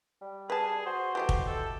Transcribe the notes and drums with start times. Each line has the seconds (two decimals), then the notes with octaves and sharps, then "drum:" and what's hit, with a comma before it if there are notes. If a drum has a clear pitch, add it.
0.21 G3
0.50 G#4 B4 A5
0.86 F#4 C5
1.15 E3 A3 G4 D#5
1.29 drum: kick
1.47 A4